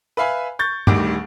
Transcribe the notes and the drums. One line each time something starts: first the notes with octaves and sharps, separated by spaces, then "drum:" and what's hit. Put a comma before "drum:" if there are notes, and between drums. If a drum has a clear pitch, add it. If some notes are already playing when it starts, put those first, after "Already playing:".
B4 E5 F5 G#5 B5
C#6 G6 A6
D1 D2 D#3 G3 D6 D7, drum: tom G2